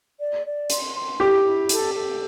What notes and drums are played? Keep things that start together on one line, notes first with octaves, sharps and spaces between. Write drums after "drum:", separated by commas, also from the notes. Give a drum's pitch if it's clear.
D5
D5
C6, drum: hi-hat
C6
E4 G4
E4
A4, drum: hi-hat
A4